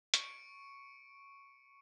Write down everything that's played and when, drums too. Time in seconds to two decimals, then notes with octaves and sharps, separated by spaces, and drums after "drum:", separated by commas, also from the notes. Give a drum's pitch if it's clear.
0.14 C#6 C#7 D7, drum: hi-hat